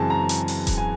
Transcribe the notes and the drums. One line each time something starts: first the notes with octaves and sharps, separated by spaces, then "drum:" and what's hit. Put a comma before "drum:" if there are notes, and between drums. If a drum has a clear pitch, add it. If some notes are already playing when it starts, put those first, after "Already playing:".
Already playing: F#2 C#3 E3 G#3 C4 G#5 A5
A#5
drum: hi-hat
drum: open hi-hat
drum: kick D#1, hi-hat
G#5